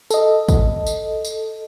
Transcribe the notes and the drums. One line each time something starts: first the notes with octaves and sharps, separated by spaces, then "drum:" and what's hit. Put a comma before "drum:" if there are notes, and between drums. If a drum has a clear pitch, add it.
A4 D#5, drum: tambourine
drum: kick, tambourine
drum: tambourine
drum: tambourine